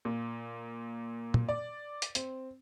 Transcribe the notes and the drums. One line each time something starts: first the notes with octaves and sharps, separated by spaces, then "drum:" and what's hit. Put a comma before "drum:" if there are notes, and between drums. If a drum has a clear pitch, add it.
A#2
drum: tom
D5
drum: hi-hat
C4, drum: hi-hat